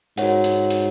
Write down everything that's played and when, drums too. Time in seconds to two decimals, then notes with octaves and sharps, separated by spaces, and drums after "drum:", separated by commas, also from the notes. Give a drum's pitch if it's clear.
0.18 G#2 F#4 A#4 C#5 F#5, drum: hi-hat
0.44 drum: hi-hat
0.71 drum: hi-hat